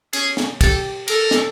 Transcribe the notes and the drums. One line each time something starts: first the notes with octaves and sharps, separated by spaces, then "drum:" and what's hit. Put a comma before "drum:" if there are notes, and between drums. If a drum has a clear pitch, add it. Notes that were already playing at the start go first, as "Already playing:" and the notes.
C#4 G#4, drum: cymbal
drum: snare
G4 A4, drum: kick, cymbal
A4 A#4, drum: cymbal
drum: snare